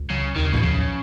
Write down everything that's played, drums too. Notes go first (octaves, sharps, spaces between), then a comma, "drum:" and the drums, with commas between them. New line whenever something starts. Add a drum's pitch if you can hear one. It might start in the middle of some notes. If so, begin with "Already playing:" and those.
Already playing: C#2
C#3 F#3
D#2 D#3
C#3
B2, drum: kick
C#3 F3